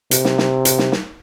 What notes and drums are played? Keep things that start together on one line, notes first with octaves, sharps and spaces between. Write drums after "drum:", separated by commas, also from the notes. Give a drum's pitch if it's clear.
C3, drum: hi-hat
drum: snare
drum: snare
drum: hi-hat
drum: snare
drum: snare